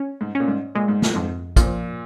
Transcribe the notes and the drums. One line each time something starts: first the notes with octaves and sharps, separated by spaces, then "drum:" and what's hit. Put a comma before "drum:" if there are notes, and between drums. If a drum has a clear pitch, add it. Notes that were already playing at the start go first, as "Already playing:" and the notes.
Already playing: C#4
G#2
C#4
A#2
G#2
A#2 G#3
G#2
drum: snare
F2 G#2
A#2 F3, drum: kick, hi-hat